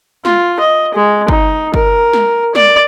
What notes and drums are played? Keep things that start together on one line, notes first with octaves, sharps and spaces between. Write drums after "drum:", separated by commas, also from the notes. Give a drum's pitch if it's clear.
F4, drum: snare
D#5
G#3
D#4, drum: kick G1
A#4, drum: kick G1
drum: snare
D5, drum: snare